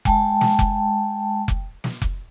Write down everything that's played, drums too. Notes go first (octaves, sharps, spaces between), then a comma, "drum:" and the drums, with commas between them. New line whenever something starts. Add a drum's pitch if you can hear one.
G#3 G5 A5, drum: kick F1
drum: snare
drum: kick F1
drum: kick F1
drum: snare
drum: kick F1